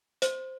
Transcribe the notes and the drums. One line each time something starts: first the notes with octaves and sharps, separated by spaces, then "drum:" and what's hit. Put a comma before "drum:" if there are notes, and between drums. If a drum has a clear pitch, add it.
C5, drum: hi-hat